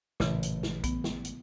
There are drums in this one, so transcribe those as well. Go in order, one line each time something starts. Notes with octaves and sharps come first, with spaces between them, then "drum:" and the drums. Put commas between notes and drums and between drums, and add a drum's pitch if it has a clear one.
A1 A#2 C#3 E3, drum: snare
drum: hi-hat
drum: snare
B3, drum: kick B1, hi-hat
drum: snare
drum: hi-hat